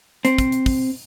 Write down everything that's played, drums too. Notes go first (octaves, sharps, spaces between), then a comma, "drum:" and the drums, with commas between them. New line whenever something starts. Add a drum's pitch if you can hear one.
C4, drum: hi-hat
drum: kick, hi-hat
drum: hi-hat
drum: kick, open hi-hat